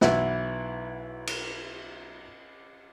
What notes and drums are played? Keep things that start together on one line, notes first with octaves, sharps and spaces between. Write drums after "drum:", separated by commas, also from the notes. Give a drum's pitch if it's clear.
B1 E3 E4 F#5, drum: snare
drum: cymbal